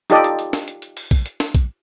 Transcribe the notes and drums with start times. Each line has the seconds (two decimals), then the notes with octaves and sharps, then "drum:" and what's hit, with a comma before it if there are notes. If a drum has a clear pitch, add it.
0.10 D#4 F4 G4 A4 D5 D#5, drum: hi-hat
0.24 drum: hi-hat
0.39 drum: hi-hat
0.53 drum: snare
0.68 drum: hi-hat
0.82 drum: hi-hat
0.97 drum: open hi-hat
1.11 drum: kick A#1, open hi-hat
1.26 drum: hi-hat
1.40 drum: snare
1.55 drum: kick A#1, hi-hat